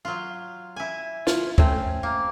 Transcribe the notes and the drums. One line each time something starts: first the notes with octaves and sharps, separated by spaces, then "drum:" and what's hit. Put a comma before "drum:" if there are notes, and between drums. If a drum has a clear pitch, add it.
F#3 F4
E4 G#5
F4, drum: snare
A3 C4 C#4, drum: kick
A#3